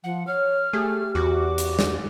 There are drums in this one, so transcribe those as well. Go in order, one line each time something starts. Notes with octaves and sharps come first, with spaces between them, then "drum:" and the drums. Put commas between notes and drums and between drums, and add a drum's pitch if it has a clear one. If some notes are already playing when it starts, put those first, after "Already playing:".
F3 F#5
C#5 F6
A3 G4 G#4
E2 F#4 D6
drum: hi-hat
drum: snare